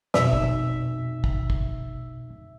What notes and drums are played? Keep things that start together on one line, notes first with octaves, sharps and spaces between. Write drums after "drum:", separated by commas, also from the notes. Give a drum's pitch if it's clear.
F2 B2 D#4 E5, drum: snare
drum: kick
drum: kick
drum: kick